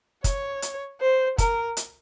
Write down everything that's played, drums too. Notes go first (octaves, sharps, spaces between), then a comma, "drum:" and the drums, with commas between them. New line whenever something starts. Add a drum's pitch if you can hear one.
C#5, drum: kick, hi-hat
drum: hi-hat
C5
A#4, drum: kick, hi-hat
drum: hi-hat